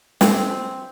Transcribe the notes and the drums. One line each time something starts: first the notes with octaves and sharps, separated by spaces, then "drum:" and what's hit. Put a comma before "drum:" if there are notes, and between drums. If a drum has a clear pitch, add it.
C4, drum: snare